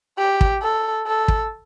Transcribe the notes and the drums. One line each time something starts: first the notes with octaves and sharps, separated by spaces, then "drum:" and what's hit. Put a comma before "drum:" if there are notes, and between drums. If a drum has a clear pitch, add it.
G4
drum: kick
A4
A4
drum: kick